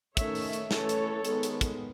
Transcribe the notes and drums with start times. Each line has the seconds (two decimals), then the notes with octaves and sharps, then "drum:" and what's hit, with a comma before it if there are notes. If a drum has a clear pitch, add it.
0.17 D#3 A3 C#4 C#5 E5, drum: kick, hi-hat
0.35 drum: open hi-hat
0.53 drum: hi-hat
0.71 E3 A3 C#4 A4 C#5, drum: snare
0.89 drum: hi-hat
1.25 D#3 G#3 B3, drum: hi-hat
1.43 drum: hi-hat
1.61 drum: kick, hi-hat